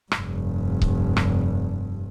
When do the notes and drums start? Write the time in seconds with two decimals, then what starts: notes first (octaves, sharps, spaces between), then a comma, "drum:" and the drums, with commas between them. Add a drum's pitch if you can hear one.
0.11 F1 G2, drum: rim click
0.82 drum: kick C#1
1.17 drum: rim click